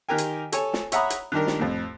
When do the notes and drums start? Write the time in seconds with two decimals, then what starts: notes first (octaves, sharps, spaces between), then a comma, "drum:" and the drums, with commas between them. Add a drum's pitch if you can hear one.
0.09 D#3 G4 A#4 G5 G#5
0.18 drum: hi-hat
0.52 A4 C#5 G#5, drum: hi-hat
0.73 drum: snare
0.92 C#5 E5 F#5 A#5 B5 D#6, drum: hi-hat
1.10 drum: hi-hat
1.32 D#3 G3 D4 G4 A#4
1.47 drum: snare
1.59 F2 A2